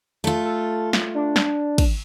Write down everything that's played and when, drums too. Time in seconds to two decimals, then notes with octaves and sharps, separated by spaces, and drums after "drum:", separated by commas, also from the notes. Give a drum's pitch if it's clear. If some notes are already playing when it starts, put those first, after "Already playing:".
0.24 A3 F4 A4
0.45 A4
0.93 drum: snare
1.15 D4
1.36 drum: snare
1.78 drum: kick, cymbal